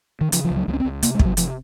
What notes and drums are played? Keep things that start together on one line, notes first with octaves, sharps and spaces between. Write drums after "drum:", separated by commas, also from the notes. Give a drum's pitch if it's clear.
D#3
C#3 F3, drum: hi-hat
F3
C#2
F#3
C#2 F3
C#4
C4
C#2
C3 A#3, drum: hi-hat
G#3
C3, drum: kick
F#3
C3 F3, drum: hi-hat